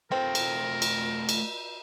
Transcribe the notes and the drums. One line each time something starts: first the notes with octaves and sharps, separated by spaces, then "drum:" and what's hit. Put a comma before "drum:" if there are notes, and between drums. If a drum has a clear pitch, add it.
A3 C4 F4 A#4
drum: cymbal
drum: cymbal
drum: cymbal